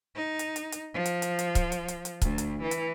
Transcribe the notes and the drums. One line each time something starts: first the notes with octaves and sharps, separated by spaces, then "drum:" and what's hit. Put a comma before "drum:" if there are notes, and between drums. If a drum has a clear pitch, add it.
D#4
drum: hi-hat
drum: hi-hat
drum: hi-hat
F3
drum: hi-hat
drum: hi-hat
drum: hi-hat
drum: kick C#1, hi-hat
drum: hi-hat
drum: hi-hat
drum: hi-hat
D2, drum: kick C#1, hi-hat
drum: hi-hat
E3
drum: hi-hat